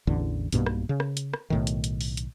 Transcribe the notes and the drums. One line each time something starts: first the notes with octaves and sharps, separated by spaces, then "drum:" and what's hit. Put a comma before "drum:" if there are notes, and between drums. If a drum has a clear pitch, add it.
A1 E2 D3
B1 G2 B2 A#3, drum: hi-hat
drum: rim click
C#3
drum: rim click
drum: hi-hat
drum: rim click
B1 A2 D#3
drum: hi-hat
drum: hi-hat
drum: open hi-hat
drum: hi-hat